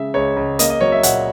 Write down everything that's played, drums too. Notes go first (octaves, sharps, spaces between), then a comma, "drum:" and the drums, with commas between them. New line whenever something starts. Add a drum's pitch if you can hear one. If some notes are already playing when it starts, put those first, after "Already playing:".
Already playing: C#3 G#3 E5
C#2 C#5
C#2
A#3 D#5, drum: hi-hat
D#5
F#3 C#5
E5
A#2 F#5, drum: hi-hat